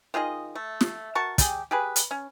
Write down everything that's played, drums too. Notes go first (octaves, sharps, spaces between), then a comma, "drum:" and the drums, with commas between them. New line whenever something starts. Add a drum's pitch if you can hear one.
D#3 F4 G#4 D#5
A3
drum: snare
F#4 A#4 A5 C#6
G3 G4 G#4, drum: kick, hi-hat
G4 G#4 B4
drum: hi-hat
C#4